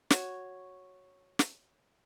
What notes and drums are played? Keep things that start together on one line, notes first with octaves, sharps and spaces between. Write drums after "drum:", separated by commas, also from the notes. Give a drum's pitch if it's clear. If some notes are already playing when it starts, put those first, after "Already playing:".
F#4 C#5, drum: snare
drum: snare